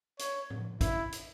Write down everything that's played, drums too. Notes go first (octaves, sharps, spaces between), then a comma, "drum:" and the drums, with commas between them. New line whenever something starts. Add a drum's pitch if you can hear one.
C#5, drum: hi-hat
drum: tom A2
E4, drum: kick, hi-hat
drum: hi-hat